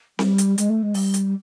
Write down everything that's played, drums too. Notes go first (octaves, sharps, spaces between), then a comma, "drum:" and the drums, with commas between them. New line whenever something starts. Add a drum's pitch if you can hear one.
G3, drum: snare C4
drum: hi-hat
G#3, drum: hi-hat
A3
G#3
G3, drum: open hi-hat
drum: hi-hat